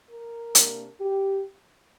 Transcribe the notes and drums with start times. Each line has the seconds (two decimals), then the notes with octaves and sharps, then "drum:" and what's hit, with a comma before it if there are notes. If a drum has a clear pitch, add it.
0.10 A#4
0.55 C3 A#3 D4, drum: hi-hat
0.99 G4